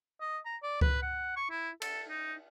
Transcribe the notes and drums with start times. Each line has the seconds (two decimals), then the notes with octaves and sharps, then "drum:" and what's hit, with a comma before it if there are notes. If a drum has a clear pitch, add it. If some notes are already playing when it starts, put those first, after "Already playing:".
0.21 D#5
0.45 A#5
0.63 D5
0.81 B4, drum: kick C#2
1.02 F#5
1.36 C#6
1.50 E4
1.82 A4, drum: cymbal
2.08 D#4